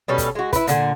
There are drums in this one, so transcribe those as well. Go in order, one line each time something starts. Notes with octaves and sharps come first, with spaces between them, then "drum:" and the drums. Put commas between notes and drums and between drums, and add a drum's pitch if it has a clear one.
B2 G3 C#4 A4
drum: kick, hi-hat
G#3 F#4
E4 B4, drum: kick, hi-hat
A#2 D3 G#5, drum: hi-hat